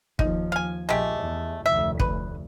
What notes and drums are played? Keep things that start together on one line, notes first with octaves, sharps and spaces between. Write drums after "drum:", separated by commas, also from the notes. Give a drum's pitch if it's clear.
D#2 F3 D#4, drum: kick
F5 G#5
A#1 G#3 A3 G4
E2
F1 D2 E5
B4, drum: kick